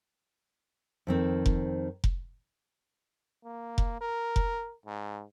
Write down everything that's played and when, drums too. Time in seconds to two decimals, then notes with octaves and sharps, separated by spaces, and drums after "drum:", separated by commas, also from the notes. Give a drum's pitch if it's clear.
1.07 F2 D#3 C4
1.46 drum: kick F1
2.04 drum: kick F1
3.44 A#3
3.78 drum: kick F1
4.01 A#4
4.36 drum: kick F1
4.86 G#2